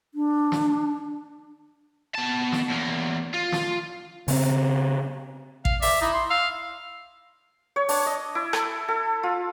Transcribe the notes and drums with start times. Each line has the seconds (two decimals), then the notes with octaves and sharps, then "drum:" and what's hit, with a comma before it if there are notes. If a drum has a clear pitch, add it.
0.14 D4
0.52 drum: snare
2.15 B2 A5
2.52 drum: snare
2.69 E2 A#3
3.34 F4
3.52 drum: snare
4.28 C#3 C4, drum: open hi-hat
5.65 F5, drum: kick
5.82 D5 E5, drum: open hi-hat
6.02 D#4 E4
6.13 C6
6.31 F5 E6
7.76 C#5
7.89 D4, drum: open hi-hat
8.06 D#5
8.35 E4
8.53 A4, drum: rim click
8.88 A4
9.23 F4